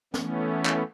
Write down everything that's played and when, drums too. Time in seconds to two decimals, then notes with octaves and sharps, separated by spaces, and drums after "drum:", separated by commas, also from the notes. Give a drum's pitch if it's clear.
0.14 E3 A3 B3 C#4, drum: snare
0.65 drum: clap